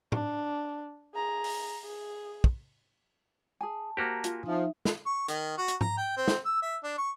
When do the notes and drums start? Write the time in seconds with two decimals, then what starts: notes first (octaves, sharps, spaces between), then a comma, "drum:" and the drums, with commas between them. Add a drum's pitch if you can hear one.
0.12 D4, drum: tom A2
1.15 G#4 A#5
1.44 drum: open hi-hat
1.85 G#4
2.44 drum: kick
3.61 G#4 G#5 A5
3.97 A#3 F#4 G4 C5 A#5
4.24 F4 G#5, drum: hi-hat
4.46 F3 D#4 E5
4.85 drum: snare
5.06 C#6
5.28 D#3, drum: hi-hat
5.58 F#4
5.68 drum: hi-hat
5.81 A#5, drum: tom
5.97 G5
6.17 C4
6.28 drum: snare
6.45 E6
6.62 E5
6.84 D4
6.98 C#6